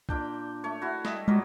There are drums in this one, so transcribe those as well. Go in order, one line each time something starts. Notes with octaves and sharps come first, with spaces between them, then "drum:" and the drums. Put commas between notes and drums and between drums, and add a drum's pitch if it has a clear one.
A#2 D4 G5, drum: kick C2
A3 C#5
E4 F#4
G3 D#5 E5, drum: snare
A#2 F#3 G#3